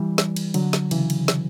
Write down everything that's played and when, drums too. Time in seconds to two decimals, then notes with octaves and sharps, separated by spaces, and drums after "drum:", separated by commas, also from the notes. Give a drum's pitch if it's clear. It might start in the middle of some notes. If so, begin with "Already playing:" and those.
Already playing: E3 G3
0.18 drum: snare
0.36 drum: cymbal
0.54 D3 F#3, drum: cymbal
0.73 drum: snare
0.91 C#3 E3, drum: cymbal
1.10 drum: cymbal
1.28 drum: snare